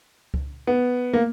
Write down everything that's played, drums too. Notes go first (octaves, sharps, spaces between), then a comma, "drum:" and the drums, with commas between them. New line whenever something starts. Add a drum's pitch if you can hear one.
drum: kick C#2
B3
A#3